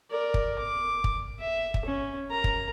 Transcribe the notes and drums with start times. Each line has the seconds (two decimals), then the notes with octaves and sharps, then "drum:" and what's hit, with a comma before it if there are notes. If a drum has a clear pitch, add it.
0.11 A#4 D5
0.34 drum: kick
0.59 D6
1.04 drum: kick
1.39 E5
1.74 drum: kick
1.85 C#4
2.30 A#4 A#5
2.44 drum: kick